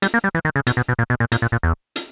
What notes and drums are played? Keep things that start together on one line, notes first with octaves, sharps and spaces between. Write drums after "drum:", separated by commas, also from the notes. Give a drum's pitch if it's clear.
G3, drum: hi-hat
A#3
G3
E3
D#3
C#3
B2, drum: hi-hat
B2
B2
A#2
B2
A#2
A#2, drum: hi-hat
A#2
A#2
E2
drum: hi-hat